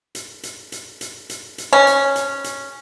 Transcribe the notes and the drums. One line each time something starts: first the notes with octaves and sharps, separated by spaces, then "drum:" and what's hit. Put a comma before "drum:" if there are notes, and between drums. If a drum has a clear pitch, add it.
drum: hi-hat
drum: hi-hat
drum: hi-hat
drum: hi-hat
drum: hi-hat
drum: hi-hat
C#4
drum: hi-hat
drum: hi-hat
drum: hi-hat